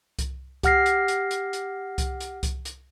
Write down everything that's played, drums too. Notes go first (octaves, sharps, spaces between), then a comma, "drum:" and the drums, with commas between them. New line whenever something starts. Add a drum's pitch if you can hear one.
drum: kick C2, hi-hat
G4 F#5 F6 A#6 C7, drum: kick C2, hi-hat
drum: hi-hat
drum: hi-hat
drum: hi-hat
drum: hi-hat
drum: kick C2, hi-hat
drum: hi-hat
drum: kick C2, hi-hat
drum: hi-hat